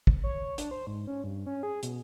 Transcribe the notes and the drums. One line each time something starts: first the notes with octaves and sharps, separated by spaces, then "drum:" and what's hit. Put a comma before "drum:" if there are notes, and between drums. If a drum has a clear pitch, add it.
drum: kick
C#5
D4, drum: hi-hat
C5
G#2
C#4
G2
C#4
G#4
B2, drum: hi-hat